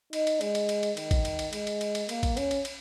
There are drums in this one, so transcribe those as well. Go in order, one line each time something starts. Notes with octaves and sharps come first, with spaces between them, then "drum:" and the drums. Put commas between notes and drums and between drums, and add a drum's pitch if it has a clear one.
D#4, drum: cymbal
drum: cymbal
G#3, drum: cymbal
drum: cymbal
drum: cymbal
drum: cymbal
D#3, drum: cymbal
drum: kick A1, cymbal
drum: cymbal
drum: cymbal
G#3, drum: cymbal
drum: cymbal
drum: cymbal
drum: cymbal
A#3, drum: cymbal
drum: kick A1, cymbal
C#4, drum: cymbal
drum: cymbal
drum: cymbal